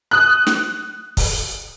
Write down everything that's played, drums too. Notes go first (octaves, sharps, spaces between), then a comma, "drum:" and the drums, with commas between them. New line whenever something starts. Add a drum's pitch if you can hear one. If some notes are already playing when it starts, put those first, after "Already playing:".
D#6 F#6
drum: snare
drum: kick, open hi-hat